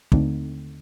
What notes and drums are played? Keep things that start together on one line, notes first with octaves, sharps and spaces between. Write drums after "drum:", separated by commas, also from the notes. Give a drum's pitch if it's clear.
D#2 D3 A3 C4 D#4, drum: kick